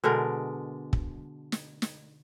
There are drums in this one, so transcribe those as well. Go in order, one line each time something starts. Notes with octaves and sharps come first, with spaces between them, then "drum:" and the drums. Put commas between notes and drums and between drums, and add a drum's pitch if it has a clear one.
B2 D3 G#3 A#4
drum: kick
drum: snare
drum: snare